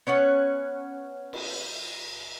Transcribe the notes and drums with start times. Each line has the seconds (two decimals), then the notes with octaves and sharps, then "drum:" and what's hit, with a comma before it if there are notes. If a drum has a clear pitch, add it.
0.07 B3 C#4 C#5 F#5
1.33 drum: cymbal